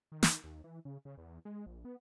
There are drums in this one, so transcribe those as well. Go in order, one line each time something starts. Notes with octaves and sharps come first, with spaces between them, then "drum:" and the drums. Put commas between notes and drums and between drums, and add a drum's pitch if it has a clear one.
D#3
drum: snare
D#2
E3
C#3
C#3
E2
G#3
A#1
B3